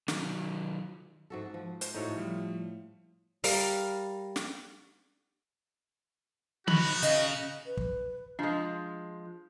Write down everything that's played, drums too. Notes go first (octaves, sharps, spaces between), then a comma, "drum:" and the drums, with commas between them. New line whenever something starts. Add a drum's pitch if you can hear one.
D#3 F#3, drum: snare
G#2 F#4 A4
F3
C5, drum: hi-hat
A2 D#4 F#4 A4 C#5
F3 G3
G3 A#4 F5, drum: open hi-hat
drum: snare
D#3 D#4 F#4 B5, drum: tom D3
C#3 D#5, drum: hi-hat
B4
drum: kick
F3 G#3 D4